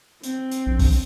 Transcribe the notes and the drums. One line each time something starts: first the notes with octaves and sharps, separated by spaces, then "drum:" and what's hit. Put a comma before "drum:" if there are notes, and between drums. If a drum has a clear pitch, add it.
C4, drum: hi-hat
drum: hi-hat
A#1
drum: kick C2, open hi-hat